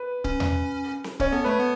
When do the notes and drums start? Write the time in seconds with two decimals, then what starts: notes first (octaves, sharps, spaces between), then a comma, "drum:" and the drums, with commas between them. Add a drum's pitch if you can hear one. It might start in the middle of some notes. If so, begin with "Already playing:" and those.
Already playing: B4
0.24 C#4, drum: kick C#1
0.40 drum: tom E2
1.04 drum: snare C4
1.20 C#4 C#5, drum: kick C#1
1.32 B3 A4
1.45 A3 B4
1.59 B3